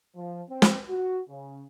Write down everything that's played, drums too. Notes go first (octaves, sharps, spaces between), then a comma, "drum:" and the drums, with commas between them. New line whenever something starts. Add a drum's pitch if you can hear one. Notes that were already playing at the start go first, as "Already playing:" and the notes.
F3
C4
drum: snare
F#4
C#3